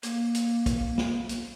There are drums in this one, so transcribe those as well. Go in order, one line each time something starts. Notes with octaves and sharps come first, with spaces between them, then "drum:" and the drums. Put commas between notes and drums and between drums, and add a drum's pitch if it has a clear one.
A#3, drum: hi-hat
drum: hi-hat
drum: kick, hi-hat
drum: snare
drum: hi-hat